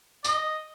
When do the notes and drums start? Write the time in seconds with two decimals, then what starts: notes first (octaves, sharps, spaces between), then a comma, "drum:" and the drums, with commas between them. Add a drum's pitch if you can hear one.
0.24 D#5, drum: tambourine